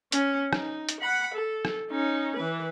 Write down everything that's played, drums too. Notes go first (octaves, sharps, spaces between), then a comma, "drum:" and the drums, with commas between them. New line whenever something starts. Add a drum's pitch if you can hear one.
C#4, drum: hi-hat
D#4, drum: rim click
drum: hi-hat
F#5 B5
A4
drum: rim click
C#4 D#4
E3 B4